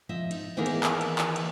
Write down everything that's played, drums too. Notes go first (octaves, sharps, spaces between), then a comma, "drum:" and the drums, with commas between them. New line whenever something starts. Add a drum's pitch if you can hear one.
F3 D#5 E5
D#4, drum: cymbal
D#3 E3 A#3 B3 G#4 A#4
drum: cymbal
drum: clap
drum: cymbal
drum: clap
drum: cymbal